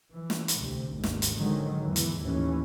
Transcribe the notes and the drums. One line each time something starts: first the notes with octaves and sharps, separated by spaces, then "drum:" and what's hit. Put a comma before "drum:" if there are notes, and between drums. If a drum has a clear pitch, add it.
E3
drum: snare
drum: hi-hat
D2 C3
G#1 D#2
drum: snare
drum: hi-hat
G#2 D3 D#3 F#3 G#3
E2 E3
drum: hi-hat
D#2 A2 E3 C#4